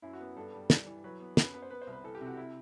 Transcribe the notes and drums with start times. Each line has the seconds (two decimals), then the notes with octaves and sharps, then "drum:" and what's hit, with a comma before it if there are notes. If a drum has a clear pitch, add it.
0.02 F#2 E4
0.13 F#4
0.20 B3
0.36 G2 A4
0.54 G3
0.70 G3, drum: snare
0.86 E3
1.04 F#3 B4
1.20 B3
1.37 F#2 B4, drum: snare
1.54 B3 B4
1.62 C5
1.70 B3 B4
1.82 C5
1.87 C2
1.93 B4
2.03 E3 A4
2.15 G4
2.21 C3
2.26 F#4
2.37 E4